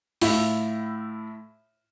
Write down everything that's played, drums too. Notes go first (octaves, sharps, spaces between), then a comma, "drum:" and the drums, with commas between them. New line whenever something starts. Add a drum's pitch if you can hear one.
A2 E4 F4, drum: open hi-hat